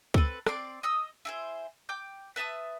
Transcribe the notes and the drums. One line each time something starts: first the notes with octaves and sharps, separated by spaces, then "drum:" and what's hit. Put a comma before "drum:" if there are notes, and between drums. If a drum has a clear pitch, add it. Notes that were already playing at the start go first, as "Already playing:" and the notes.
C4 A4 B4, drum: kick C#2
C4 D5 C6 D6, drum: rim click
D#5 D#6 E6
E4 G#4 C5
G5 D6 G6
B4 E5 A5 D#6